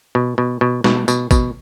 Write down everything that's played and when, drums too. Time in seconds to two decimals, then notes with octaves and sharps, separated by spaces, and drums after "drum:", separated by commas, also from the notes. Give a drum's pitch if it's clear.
0.15 B2
0.38 B2
0.61 B2
0.84 B2, drum: snare
1.08 B2, drum: tambourine
1.31 B2, drum: kick, tambourine